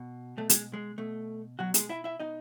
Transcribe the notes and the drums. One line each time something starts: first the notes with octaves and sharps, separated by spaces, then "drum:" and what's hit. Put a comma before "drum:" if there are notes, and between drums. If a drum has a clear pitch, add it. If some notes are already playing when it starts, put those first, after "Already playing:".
Already playing: B2
B2 A3
G#3, drum: hi-hat
G#3
B2 A3
B2 F#3 F#4
G#3 G#4, drum: hi-hat
E4 E5
E4 E5
B2 D#4 D#5